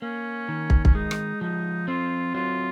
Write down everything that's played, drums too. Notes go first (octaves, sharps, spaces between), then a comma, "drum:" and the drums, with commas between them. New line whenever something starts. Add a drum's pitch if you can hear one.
A#3 C#4
D#3
drum: kick
C#4, drum: kick
G#3 D#4
drum: rim click
F3 D#4
C4 F4
F#3 F4